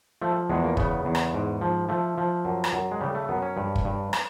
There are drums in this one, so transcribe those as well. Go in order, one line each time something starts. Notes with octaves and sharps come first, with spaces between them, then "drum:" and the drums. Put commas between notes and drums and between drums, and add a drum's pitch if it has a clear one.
F3 A3
E2 G#3
A#3
C#3 B3, drum: kick
E2
drum: rim click
G#2
F3
F3 A3
F3
F#2
drum: rim click
F#2
G#3
C#3 G3
A3
F#2 B3
C#4
G2
drum: kick
G2
drum: rim click